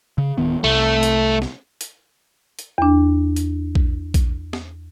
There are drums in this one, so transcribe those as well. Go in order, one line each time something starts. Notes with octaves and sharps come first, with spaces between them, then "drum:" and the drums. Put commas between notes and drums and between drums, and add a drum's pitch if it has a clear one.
C#3
D1 D#3 B3
C2 A3
drum: hi-hat
drum: snare
drum: hi-hat
drum: hi-hat
E2 D4
drum: hi-hat
drum: kick A#1
drum: kick A#1, hi-hat
drum: snare